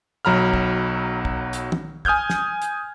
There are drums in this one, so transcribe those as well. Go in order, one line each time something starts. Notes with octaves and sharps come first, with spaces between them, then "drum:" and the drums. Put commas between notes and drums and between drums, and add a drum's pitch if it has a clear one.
B1 F#3 A#5 B5 F6
drum: kick
drum: kick
drum: hi-hat
drum: tom
G#5 D#6 F6 G6 G#6, drum: kick
drum: snare
drum: hi-hat